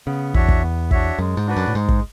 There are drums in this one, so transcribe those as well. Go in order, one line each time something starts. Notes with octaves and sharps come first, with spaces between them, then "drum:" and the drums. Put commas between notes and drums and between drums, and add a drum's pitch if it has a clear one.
C#3 B3
E2 D4 F#4 C#5 E5, drum: kick
drum: kick
B3
D4 F#4 C#5 E5, drum: kick
F#2 G#3
G#2
D4 F#4 B4 D5
F#2
A2
G#2 G#3
drum: kick